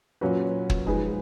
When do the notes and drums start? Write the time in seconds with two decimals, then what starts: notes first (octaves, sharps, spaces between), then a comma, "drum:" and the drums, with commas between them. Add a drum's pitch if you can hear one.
0.21 A#2 F#3 C#4 F#4 B4
0.70 drum: kick
0.86 F3 G#3 D#4 G#4 B4